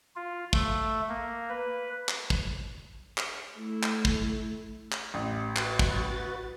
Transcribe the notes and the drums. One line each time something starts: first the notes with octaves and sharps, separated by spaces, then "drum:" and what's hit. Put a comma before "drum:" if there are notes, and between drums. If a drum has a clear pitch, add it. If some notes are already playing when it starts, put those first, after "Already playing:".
F4
A3, drum: kick
A#3
B4
drum: clap
drum: kick
drum: clap
A3 E4
drum: clap
drum: kick
drum: clap
A1
F#4 B4 A6, drum: clap
drum: kick